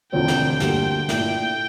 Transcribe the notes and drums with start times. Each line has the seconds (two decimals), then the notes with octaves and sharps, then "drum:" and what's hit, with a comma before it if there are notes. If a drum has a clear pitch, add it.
0.12 E1 D2 D3 F3 C4 G5
0.28 drum: snare
0.60 D2 D3 G3 A#3 G5, drum: snare
1.09 A#2 A3 E4 G5, drum: snare